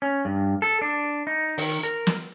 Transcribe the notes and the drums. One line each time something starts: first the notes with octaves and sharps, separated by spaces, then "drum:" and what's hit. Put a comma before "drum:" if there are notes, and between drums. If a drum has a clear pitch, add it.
C#4
G2
A4
D4
D#4
D#3, drum: open hi-hat
A#4
drum: snare